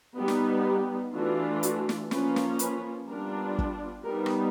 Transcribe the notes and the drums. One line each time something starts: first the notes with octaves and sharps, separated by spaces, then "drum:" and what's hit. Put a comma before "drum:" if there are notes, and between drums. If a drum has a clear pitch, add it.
G3 B3 D#4 G4
drum: snare
G4
E3 A3 D4 F4 F#4
F#4, drum: hi-hat
drum: snare
F3 A#3 C#4 F4 B4, drum: snare
drum: snare
B4, drum: hi-hat
G3 B3 D4 F4 A#4
drum: kick
G3 B3 D#4 A#4
drum: rim click